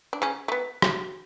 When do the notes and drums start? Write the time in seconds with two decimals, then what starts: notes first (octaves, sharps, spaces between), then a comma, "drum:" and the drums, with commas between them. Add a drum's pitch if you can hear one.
0.13 D4
0.22 C#3 C#4
0.48 A3
0.52 B3
0.82 drum: rim click